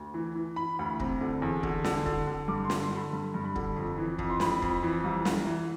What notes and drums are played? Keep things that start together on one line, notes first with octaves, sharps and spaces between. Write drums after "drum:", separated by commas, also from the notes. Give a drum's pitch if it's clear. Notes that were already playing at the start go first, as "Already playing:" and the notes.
Already playing: D2
E3
E3
E3 B5
D2
C3, drum: kick
D3
E2
D3, drum: kick
D3, drum: snare
D3, drum: kick
D3
G2 D6
C6
D3, drum: snare
C6
D3
B5
G2
G2
B5
D3, drum: kick
F2
E3
F2, drum: kick
C6
F2 B5, drum: snare
F2, drum: kick
E3
C2
C2, drum: snare
E3